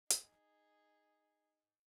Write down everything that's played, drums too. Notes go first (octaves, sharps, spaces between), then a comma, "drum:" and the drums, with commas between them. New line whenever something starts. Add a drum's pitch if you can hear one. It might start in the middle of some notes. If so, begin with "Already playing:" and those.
D#4 G#4, drum: hi-hat